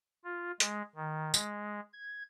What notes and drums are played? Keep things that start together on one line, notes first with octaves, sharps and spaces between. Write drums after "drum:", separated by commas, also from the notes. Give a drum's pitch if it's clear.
F4
G#3, drum: hi-hat
D#3
G#3, drum: tambourine
G#6